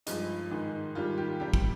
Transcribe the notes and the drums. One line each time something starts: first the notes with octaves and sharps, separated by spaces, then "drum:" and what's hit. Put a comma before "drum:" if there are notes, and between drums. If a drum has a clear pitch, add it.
G2 F3 G#3 D#4, drum: hi-hat
G#2 D#3 G#3
G#2 D#3 G3 F4
G4
C3 G3 G4
drum: kick